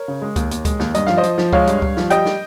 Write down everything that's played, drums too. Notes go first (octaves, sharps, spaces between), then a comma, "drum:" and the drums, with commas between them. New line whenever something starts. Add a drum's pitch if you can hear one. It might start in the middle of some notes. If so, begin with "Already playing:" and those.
Already playing: A#4 C#5
C#3
G#3
D#2, drum: kick C#2, hi-hat
D#2, drum: hi-hat
G#3, drum: kick C#2, hi-hat
D#2, drum: snare
G2 D#5, drum: hi-hat
F3 F5, drum: snare
C5 D#5
F3, drum: hi-hat
F3, drum: snare
G#3 C#5 F5, drum: kick C#2
G2, drum: hi-hat
G2, drum: kick C#2
F3, drum: snare
G3 D#5 G5, drum: hi-hat
drum: snare